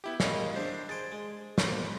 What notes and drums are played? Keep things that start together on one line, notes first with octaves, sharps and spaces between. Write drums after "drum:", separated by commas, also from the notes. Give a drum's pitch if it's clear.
B3 E4 G4
D#3 G3 G#3 D#5 F5, drum: snare
D4 G4 C5 E5
G#4 C5 A6 D7
G#3
G#2 A#3 B3 C5, drum: snare